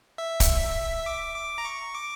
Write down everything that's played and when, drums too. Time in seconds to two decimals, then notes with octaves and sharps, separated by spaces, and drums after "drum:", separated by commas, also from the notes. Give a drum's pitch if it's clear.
0.18 E5
0.40 drum: kick, hi-hat
1.06 D6
1.36 D6
1.58 A#5
1.65 C#6
1.94 D6